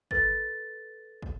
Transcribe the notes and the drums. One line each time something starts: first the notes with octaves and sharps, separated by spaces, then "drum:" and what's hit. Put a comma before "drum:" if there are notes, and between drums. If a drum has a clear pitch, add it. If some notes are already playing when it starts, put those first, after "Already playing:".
A4 B4 A6, drum: kick
drum: kick